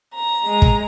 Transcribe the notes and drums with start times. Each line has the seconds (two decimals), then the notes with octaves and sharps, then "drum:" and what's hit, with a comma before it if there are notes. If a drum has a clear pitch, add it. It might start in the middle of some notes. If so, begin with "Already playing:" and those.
0.14 A#5
0.45 G#3
0.62 drum: kick